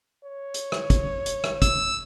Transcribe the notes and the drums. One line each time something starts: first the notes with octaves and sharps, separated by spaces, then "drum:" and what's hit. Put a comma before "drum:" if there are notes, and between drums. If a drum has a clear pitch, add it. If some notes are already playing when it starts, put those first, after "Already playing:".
C#5
drum: hi-hat
drum: rim click
drum: kick, hi-hat
drum: hi-hat
drum: rim click
E6, drum: kick, hi-hat